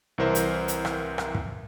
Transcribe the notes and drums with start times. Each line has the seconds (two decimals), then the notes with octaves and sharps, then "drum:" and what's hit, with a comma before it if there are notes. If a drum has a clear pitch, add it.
0.18 C2 E3 A#4 C5 E5
0.35 drum: hi-hat
0.68 drum: hi-hat
0.85 drum: rim click
1.18 drum: rim click
1.35 drum: kick